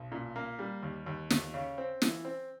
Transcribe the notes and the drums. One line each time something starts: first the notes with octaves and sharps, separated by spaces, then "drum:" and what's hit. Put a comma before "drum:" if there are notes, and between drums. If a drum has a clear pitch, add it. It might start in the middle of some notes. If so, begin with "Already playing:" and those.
Already playing: B1
A#2
A#3
G3
D#2
D#2
D#2, drum: snare
C#3
C4
E3, drum: snare
C4